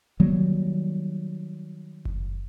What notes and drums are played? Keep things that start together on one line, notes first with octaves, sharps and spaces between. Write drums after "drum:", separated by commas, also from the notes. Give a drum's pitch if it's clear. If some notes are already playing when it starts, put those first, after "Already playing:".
D#3 F#3 G3 A#3
drum: kick F#1